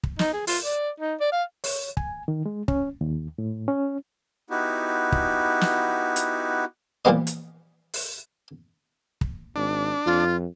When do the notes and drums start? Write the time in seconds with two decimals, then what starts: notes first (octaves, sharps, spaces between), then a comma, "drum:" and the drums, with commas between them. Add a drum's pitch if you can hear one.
0.03 drum: kick
0.19 D#4, drum: snare
0.34 G#4
0.47 F4, drum: open hi-hat
0.65 D5
1.00 D#4
1.20 D5
1.32 F5
1.64 C#5, drum: open hi-hat
1.97 G#5, drum: kick
2.28 D#3
2.46 G#3
2.68 C#4, drum: kick
3.01 D#2
3.38 A2
3.68 C#4
4.50 B3 D#4 E4 F#4 G4
5.12 drum: kick
5.61 drum: snare
6.16 drum: hi-hat
7.05 A#2 E3 F3 G3 B3 D#5
7.27 drum: hi-hat
7.94 drum: open hi-hat
9.21 drum: kick
9.56 G#1 D4
10.06 F2 F4